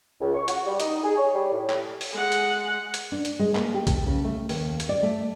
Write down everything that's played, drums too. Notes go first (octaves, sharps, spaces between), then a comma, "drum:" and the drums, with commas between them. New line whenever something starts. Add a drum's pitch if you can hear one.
C#2
C#6
F#4, drum: hi-hat
G3
D#4, drum: hi-hat
G#4
C#5
G3
A2
drum: clap
drum: open hi-hat
G#3 F#5
drum: hi-hat
drum: hi-hat
D4
drum: hi-hat
G#3
A#3, drum: clap
G4
A4, drum: kick B1, hi-hat
C#3
A3
D#2, drum: open hi-hat
drum: hi-hat
D5
A3